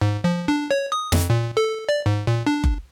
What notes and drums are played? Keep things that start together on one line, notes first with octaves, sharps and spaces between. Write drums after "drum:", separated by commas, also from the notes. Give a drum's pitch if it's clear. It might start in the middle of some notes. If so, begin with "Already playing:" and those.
G#2
F3
D4
C#5
D#6
F2, drum: snare
A#2
A4
D5
G#2
A#2
D4
drum: kick F#1